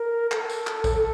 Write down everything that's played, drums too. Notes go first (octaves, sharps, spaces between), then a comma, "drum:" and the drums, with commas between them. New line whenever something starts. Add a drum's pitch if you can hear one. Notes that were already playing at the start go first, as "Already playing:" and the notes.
Already playing: A#4
A4, drum: clap
drum: tambourine
drum: clap
drum: kick A#1, tambourine